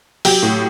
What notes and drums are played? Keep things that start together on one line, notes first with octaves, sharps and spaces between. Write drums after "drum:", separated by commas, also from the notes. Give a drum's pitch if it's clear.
F#3 G4, drum: open hi-hat
A2